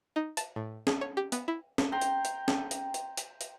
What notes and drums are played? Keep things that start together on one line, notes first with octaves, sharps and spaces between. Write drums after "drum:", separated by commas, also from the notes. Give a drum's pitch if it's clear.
D#4
A5, drum: hi-hat
A2
G#4, drum: snare
C#5
G4
B3, drum: hi-hat
E4
drum: snare
G5 A#5 C6
drum: hi-hat
drum: hi-hat
drum: snare
drum: hi-hat
drum: hi-hat
drum: hi-hat
drum: hi-hat